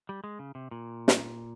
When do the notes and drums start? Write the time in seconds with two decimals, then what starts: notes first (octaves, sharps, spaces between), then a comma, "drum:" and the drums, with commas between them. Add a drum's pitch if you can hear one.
0.09 G3
0.24 G#3
0.39 C#3
0.55 C3
0.71 A#2
1.08 drum: snare